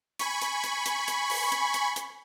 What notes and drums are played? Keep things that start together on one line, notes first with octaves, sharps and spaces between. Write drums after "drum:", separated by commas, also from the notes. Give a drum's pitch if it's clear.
G#5 B5 C#6, drum: hi-hat
drum: hi-hat
drum: hi-hat
drum: hi-hat
drum: hi-hat
drum: open hi-hat
drum: hi-hat
drum: hi-hat
drum: hi-hat